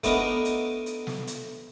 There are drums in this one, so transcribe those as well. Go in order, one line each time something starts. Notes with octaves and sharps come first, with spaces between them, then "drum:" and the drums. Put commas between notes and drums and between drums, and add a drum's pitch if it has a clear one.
A3 B3 D4 D#4 A#4 B4, drum: kick F1, hi-hat
drum: hi-hat
drum: hi-hat
drum: snare
drum: hi-hat